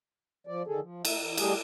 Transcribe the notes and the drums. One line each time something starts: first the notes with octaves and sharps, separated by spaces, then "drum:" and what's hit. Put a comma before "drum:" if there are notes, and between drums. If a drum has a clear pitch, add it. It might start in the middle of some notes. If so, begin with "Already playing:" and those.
F3 D5
D3 D#3 G#4 A4
F3
A3 E5, drum: cymbal
E3
G3 A3 G4 G#4 D#5, drum: cymbal